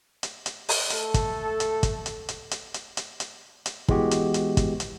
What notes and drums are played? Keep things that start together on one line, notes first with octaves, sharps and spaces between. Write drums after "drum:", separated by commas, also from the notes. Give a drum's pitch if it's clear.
drum: hi-hat
drum: hi-hat
drum: open hi-hat
A3 A4, drum: hi-hat
drum: kick, hi-hat
drum: hi-hat
drum: kick, hi-hat
drum: hi-hat
drum: hi-hat
drum: hi-hat
drum: hi-hat
drum: hi-hat
drum: hi-hat
drum: hi-hat
E3 G#3 B3 F#4 G4, drum: kick
drum: hi-hat
drum: hi-hat
drum: kick, hi-hat
drum: hi-hat